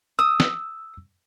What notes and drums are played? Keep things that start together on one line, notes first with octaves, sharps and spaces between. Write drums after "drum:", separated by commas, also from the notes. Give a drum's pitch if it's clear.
D#6 E6
drum: snare